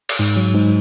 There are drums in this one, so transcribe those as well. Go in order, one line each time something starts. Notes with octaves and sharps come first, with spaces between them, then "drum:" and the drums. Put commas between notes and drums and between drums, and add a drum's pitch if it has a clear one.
drum: cymbal
G#2
F#3
G#2